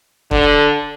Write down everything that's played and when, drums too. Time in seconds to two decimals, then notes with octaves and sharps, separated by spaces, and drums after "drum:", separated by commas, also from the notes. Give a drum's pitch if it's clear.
0.31 D3, drum: kick